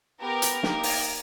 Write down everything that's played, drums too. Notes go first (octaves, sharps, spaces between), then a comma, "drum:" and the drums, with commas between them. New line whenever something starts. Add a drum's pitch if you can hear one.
B3 G4 A#4
drum: hi-hat
A#3 D#4 G4, drum: snare
drum: open hi-hat